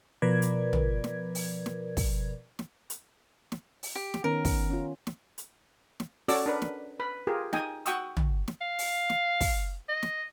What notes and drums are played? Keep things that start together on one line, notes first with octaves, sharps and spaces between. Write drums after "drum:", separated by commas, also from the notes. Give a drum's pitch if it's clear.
B2 F3 A#4 B4 D5 G#6
drum: hi-hat
drum: tom
drum: snare
drum: open hi-hat
drum: snare
drum: kick, open hi-hat
drum: snare
drum: hi-hat
drum: snare
drum: open hi-hat
G4
drum: snare
D#3 B3 C#4 A#4
drum: kick, open hi-hat
C#4 F4
drum: snare
drum: hi-hat
drum: snare
C#4 F#4 A4 D5 D6 E6, drum: open hi-hat
D4 A#4 B4
drum: snare
B4 B5
F4 G4 G#4 A#4
D#4 G5 G#5 D#6, drum: snare
F#4 F#5 G5 C#6 D#6 E6, drum: hi-hat
drum: tom
drum: snare
F5
drum: open hi-hat
drum: snare
drum: kick, open hi-hat
D#5
drum: snare